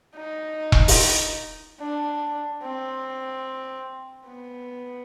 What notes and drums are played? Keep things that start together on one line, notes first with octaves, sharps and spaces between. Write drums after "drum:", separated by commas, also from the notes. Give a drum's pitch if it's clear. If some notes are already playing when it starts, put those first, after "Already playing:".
D#4
drum: kick E1
drum: open hi-hat
D4
C4
B3